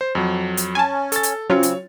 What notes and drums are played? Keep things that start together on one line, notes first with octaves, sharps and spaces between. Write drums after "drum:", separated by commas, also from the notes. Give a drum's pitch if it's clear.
C5
F2 F#3
drum: hi-hat
C#4 G#5 A5
A4 A6, drum: hi-hat
drum: hi-hat
C#3 F#3 C4 C#4 F4 C#5
drum: hi-hat